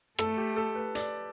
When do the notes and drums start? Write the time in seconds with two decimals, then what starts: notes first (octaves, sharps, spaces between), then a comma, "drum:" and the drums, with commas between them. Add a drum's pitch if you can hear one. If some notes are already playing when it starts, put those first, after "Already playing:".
0.19 A3 A4, drum: rim click
0.37 G4
0.56 A4
0.75 B4
0.95 D5, drum: hi-hat